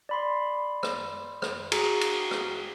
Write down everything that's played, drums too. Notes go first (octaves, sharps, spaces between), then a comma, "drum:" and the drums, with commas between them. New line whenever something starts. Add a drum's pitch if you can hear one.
D5 B5 C6
drum: rim click
drum: rim click
F#4 G#4 A#5 C#7, drum: cymbal
drum: cymbal
drum: rim click